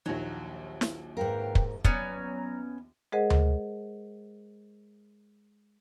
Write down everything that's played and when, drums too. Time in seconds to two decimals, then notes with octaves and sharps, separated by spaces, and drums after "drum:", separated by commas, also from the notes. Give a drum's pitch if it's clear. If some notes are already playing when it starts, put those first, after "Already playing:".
0.06 A#1 D#2 D#3 F#3
0.81 drum: snare
1.17 G#2 A#4 B4 F5 G5
1.55 drum: kick
1.85 F#3 B3 C#4 D5 A#5, drum: kick
3.12 G#3 G#4 A#4 C5 D#5 F#5
3.30 drum: tom D2